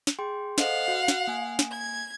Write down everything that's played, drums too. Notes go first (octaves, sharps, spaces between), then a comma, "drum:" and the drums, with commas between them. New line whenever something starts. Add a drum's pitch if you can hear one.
drum: snare
G#4 G5 C6
A4 C5 D#5 F5 F#5, drum: snare
F#4
drum: snare
A#3 G#5
drum: snare
G#6